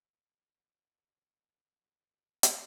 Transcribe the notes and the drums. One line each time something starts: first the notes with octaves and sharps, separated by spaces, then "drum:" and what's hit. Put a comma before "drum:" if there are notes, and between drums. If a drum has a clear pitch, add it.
A2 D3 F#3
drum: hi-hat